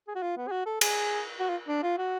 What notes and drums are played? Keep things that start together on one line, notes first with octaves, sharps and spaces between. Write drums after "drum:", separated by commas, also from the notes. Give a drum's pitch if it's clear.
G#4
F#4
F4
B3
G#4
F#4
A4
G#4, drum: cymbal
F#4
F4
D4
F4
F#4